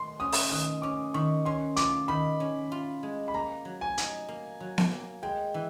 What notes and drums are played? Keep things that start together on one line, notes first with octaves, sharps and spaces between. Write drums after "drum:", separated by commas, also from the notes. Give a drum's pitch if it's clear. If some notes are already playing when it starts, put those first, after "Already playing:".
Already playing: D#3 C6
C#4 D#6
drum: open hi-hat
D#3 D#6
C#4 D6
D#3 C#6
C#4 C6
F4 D6, drum: hi-hat
D#3 B5
C#4
F4
G#3
B5
A#3 A#5
F#3
G#5
D#4, drum: hi-hat
A#3
F#3
drum: snare B3
A#3
G#3 G5
E3